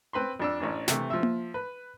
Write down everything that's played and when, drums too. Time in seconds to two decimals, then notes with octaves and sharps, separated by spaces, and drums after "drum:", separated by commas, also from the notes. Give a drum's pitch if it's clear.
0.13 C4 B4 B5 C6
0.40 F2 D4 E6
0.60 A1 C#4 D4
0.88 C3 E3 A3, drum: snare
1.10 F3 E5
1.23 drum: tom A#3
1.54 B4